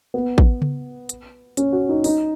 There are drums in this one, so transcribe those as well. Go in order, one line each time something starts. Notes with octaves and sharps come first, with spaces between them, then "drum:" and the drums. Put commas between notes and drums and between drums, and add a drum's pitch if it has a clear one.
B3
drum: kick
drum: tom C#3
drum: hi-hat
C#4, drum: hi-hat
F#4
D#4
D#4, drum: open hi-hat